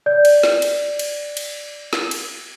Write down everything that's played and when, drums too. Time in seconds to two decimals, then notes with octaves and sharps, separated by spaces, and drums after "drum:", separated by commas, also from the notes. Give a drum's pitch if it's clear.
0.06 D5 G6
0.25 drum: cymbal
0.43 drum: snare
0.62 drum: cymbal
0.99 drum: cymbal
1.37 drum: cymbal
1.93 drum: snare
2.11 drum: cymbal